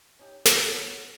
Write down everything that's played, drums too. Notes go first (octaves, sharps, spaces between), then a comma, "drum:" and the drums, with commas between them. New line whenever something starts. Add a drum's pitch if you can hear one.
C#4 D#4 G4
F#3 A#4, drum: snare